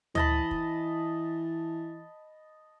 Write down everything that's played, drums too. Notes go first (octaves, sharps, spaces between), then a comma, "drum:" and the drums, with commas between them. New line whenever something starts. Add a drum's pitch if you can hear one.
E3 D#5 A5 B5, drum: tom D2
drum: kick